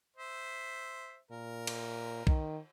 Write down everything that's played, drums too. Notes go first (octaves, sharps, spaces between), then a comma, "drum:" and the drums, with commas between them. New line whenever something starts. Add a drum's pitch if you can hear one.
C5 E5
A#2 A#4
drum: cymbal
D#3, drum: kick B1